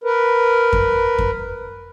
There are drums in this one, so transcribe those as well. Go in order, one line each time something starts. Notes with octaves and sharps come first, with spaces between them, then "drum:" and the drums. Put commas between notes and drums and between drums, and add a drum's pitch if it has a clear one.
A#4 B4
drum: kick F2
drum: kick F2